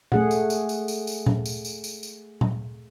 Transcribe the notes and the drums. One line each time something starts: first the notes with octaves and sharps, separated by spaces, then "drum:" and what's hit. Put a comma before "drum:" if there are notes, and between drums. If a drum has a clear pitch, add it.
A3 G#4 F#5, drum: tom A#2
drum: tambourine
drum: tambourine
drum: tambourine
drum: tambourine
drum: tambourine
drum: tom A#2
drum: tambourine
drum: tambourine
drum: tambourine
drum: tambourine
drum: tom A#2